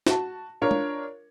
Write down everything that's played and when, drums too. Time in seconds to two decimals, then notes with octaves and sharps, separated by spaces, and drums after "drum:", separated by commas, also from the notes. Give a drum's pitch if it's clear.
0.07 F#4 A5, drum: snare
0.62 D4 F4 A#4 C#5
0.71 drum: tom